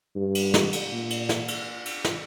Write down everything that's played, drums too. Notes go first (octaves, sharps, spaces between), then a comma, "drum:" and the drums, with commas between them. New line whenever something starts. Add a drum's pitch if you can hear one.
G2
drum: cymbal
drum: snare
drum: cymbal
A#2
drum: cymbal
drum: snare
drum: cymbal
drum: cymbal
drum: snare